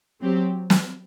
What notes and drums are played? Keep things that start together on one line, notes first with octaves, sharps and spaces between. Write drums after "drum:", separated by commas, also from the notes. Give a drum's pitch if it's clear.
F#3 C4 G4
drum: snare